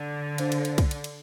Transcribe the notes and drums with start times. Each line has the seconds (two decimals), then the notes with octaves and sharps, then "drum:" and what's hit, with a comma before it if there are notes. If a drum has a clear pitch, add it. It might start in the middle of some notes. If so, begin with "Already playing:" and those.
Already playing: D3
0.38 D4 A4 C5 F5, drum: cymbal
0.52 drum: cymbal
0.65 drum: cymbal
0.78 drum: kick, cymbal
0.91 drum: cymbal
1.04 drum: cymbal